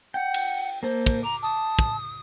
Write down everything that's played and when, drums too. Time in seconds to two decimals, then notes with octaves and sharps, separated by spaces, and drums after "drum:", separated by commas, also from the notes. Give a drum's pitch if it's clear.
0.14 F#5 G5
0.34 drum: cymbal
0.83 A#3 A4 C5
1.06 drum: kick, cymbal
1.23 A#5 D6
1.43 A5 D#6
1.79 drum: kick